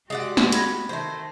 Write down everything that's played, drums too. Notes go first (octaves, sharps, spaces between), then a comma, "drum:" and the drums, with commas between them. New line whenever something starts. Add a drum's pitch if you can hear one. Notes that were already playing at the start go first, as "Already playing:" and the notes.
G#3 F#4 G4 D5 F#5
drum: snare
B5 G#6 A#6, drum: hi-hat
D#3 A3 C5